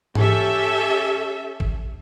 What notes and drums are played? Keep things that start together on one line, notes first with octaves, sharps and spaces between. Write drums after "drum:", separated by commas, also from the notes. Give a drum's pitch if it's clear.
C#4 G4 A4 E5, drum: tom G#2
drum: kick